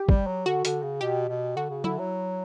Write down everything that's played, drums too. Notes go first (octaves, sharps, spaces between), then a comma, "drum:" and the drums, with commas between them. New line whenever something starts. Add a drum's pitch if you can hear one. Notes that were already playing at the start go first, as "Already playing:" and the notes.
Already playing: G4
G3, drum: kick
F#3
D3 F#4
D3, drum: hi-hat
C#3
B2 G4
B2
D3 F#4
C#3
D3 E4, drum: tom F#3
F#3